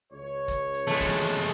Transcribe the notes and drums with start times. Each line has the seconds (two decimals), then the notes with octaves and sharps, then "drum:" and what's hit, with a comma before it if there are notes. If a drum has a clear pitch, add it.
0.13 C#2 C#5
0.48 drum: kick, hi-hat
0.74 drum: hi-hat
0.87 G#3 A3
1.00 drum: kick, hi-hat
1.26 drum: hi-hat